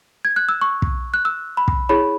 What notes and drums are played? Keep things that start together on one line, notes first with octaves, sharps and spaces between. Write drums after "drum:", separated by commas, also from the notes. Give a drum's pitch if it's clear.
G#6
F#6
E6
C#6
drum: kick
F#6
E6
B5
drum: kick
E4 G#4 C#5 B5